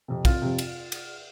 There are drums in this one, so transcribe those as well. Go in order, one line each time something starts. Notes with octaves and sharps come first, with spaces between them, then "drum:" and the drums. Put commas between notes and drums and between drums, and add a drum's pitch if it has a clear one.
F2 C3
F1 F4, drum: kick, cymbal
F2 C3
drum: cymbal
drum: cymbal